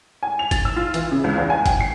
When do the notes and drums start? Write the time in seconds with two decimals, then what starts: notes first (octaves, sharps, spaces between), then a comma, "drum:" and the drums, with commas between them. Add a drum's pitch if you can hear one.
0.23 G#5
0.39 F7
0.51 A6, drum: kick, hi-hat
0.65 E6
0.76 F4
0.94 E3, drum: hi-hat
1.11 C#3
1.24 C#2
1.38 E2
1.50 G#5
1.66 G5, drum: kick, hi-hat
1.81 C7